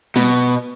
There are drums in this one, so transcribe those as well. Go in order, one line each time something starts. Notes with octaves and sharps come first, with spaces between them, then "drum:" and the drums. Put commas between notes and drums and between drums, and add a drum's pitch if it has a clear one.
B2, drum: snare